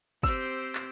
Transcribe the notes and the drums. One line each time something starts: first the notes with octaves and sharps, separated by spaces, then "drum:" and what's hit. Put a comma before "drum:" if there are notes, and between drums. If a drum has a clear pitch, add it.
C4 G4 C5 E6, drum: kick
drum: clap